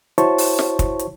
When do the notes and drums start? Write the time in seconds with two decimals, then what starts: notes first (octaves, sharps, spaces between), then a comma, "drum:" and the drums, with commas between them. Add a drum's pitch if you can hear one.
0.18 E4 F#4 C5 C#5 A5 C#6, drum: hi-hat
0.38 drum: open hi-hat
0.59 drum: snare
0.79 drum: kick, hi-hat
0.99 drum: hi-hat